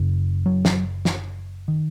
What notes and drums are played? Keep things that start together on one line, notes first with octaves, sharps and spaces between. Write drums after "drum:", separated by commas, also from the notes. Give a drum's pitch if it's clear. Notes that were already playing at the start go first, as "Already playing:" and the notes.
Already playing: F#1 F#2 C#3
F#3
drum: snare
drum: snare
D#3